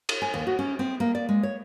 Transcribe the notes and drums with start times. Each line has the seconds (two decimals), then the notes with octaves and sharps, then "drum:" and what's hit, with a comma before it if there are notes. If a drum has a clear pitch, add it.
0.09 drum: cymbal
0.22 G#5
0.34 D#2
0.47 F#4
0.59 C#4
0.79 C4
1.00 A#3
1.15 D5
1.29 G#3
1.43 C#5